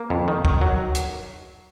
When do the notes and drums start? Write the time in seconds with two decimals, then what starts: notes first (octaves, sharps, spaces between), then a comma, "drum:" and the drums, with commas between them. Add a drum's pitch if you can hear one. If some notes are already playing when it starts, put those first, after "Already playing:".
Already playing: A#3
0.10 F2
0.28 D#3
0.45 D#3, drum: kick
0.61 F#3
0.95 drum: hi-hat